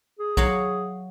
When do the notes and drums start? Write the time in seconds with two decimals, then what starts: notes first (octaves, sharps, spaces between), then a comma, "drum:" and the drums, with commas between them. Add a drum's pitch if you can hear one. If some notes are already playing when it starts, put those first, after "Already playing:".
0.19 G#4
0.37 F#3 C#5 F5, drum: kick